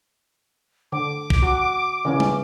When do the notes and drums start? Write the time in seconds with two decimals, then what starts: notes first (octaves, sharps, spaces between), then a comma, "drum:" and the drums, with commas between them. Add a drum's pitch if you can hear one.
0.92 D3 D6
1.30 drum: kick
1.42 F#4
2.05 C#3 E3 C#4
2.20 drum: tom G3